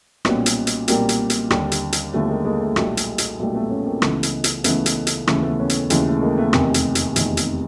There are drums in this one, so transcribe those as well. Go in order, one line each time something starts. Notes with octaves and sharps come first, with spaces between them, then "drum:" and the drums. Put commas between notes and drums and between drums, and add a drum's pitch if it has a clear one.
B1 A#2 G3 B3 C#4, drum: rim click
drum: hi-hat
drum: hi-hat
B1 A#2 G3 A#3 C4, drum: hi-hat
drum: hi-hat
drum: hi-hat
D#2 D3 G3, drum: rim click
drum: hi-hat
drum: hi-hat
D#2 D3 G3 A3 B3
G#3 A#3
G#3 A#3
A3
B1 A#2 G3 A3, drum: rim click
drum: hi-hat
drum: hi-hat
B1 A#2 G3 A3
A3 B3
B3 C#4
A#3 C4
C#2 C#3 E3 A3 B3, drum: rim click
drum: hi-hat
drum: hi-hat
C#2 C#3 E3 A3 B3, drum: hi-hat
drum: hi-hat
drum: hi-hat
D#2 C#3 E3 A3, drum: rim click
A3 B3
B3 C#4
drum: hi-hat
D#2 C#3 E3 G#3, drum: hi-hat
A3
G#3 A#3
A3 B3
F1 E2 C3 D#3 A#3 C4, drum: rim click
drum: hi-hat
drum: hi-hat
F1 E2 C3 D#3, drum: hi-hat
drum: hi-hat